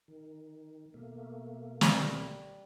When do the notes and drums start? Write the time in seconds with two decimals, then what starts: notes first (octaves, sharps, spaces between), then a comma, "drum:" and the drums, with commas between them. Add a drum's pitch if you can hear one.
0.08 D#3
0.94 B2 A3 A#3
1.81 G3, drum: snare